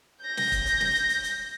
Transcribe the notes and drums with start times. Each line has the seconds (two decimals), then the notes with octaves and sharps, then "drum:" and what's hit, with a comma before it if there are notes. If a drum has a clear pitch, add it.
0.23 G6 A#6
0.37 drum: snare
0.52 drum: kick, hi-hat
0.66 drum: hi-hat
0.80 drum: snare
0.95 drum: hi-hat
1.09 drum: hi-hat
1.24 drum: hi-hat